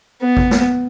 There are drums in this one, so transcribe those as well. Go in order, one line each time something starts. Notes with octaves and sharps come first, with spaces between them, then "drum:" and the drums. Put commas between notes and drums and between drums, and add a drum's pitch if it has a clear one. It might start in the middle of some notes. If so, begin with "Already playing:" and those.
B3
drum: kick G#1
drum: snare